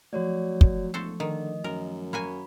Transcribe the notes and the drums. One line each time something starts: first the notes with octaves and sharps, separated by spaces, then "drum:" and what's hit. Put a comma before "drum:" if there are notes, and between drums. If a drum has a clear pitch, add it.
F3 F#3 A3 F#4 C#5 D5
drum: kick
E1 F#4 A4 C5
D3 D#3 D#5
F#2 A#4
A#3 F#4 G#5 B5